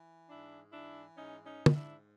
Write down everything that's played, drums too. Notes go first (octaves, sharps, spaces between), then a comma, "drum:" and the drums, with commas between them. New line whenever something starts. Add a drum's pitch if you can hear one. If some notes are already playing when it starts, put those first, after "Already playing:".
Already playing: E3
G#2 D4 E4
E3 D4 E4
G#2 C#4 D#4
C#4 D#4
G#2
D#4, drum: tom
D4 E4